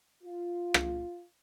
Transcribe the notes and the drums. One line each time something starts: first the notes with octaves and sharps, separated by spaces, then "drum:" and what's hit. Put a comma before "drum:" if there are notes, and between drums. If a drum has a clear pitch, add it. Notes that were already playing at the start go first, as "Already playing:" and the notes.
F4
drum: rim click